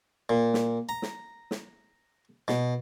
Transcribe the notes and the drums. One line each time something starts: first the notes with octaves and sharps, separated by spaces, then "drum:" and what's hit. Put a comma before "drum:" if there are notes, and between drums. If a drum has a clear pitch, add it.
A#2
drum: snare
A#5
drum: snare
drum: snare
B2, drum: snare